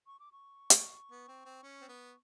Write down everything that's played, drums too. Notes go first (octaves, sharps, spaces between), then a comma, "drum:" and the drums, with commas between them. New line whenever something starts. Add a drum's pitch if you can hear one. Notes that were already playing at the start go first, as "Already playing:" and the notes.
C#6
D6
C#6
drum: hi-hat
B3
C4
C4
C#4
C4
B3